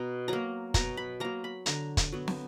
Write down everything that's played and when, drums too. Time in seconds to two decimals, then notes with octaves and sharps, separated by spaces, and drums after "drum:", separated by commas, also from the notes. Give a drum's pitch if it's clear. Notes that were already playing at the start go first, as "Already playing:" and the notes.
Already playing: B2 A#5
0.28 F#3 A#3 A#5
0.74 B2 A#5, drum: kick, hi-hat
0.97 B5
1.20 F#3 A#3 A#5
1.44 B5
1.66 D3 A#5, drum: hi-hat
1.97 drum: kick, hi-hat
2.12 F#3 B3
2.28 drum: snare